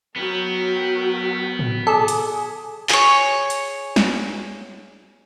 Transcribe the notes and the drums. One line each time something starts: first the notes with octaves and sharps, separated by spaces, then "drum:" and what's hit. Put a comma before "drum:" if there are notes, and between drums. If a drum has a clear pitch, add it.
F#3 B3 A#4 G5
drum: tom
G#4 A4 D5
drum: hi-hat
G#4 C#5, drum: clap
drum: hi-hat
drum: snare